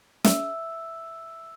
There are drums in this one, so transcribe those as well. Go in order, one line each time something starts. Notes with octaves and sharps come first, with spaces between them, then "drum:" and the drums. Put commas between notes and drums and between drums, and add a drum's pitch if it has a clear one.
E5 E6, drum: snare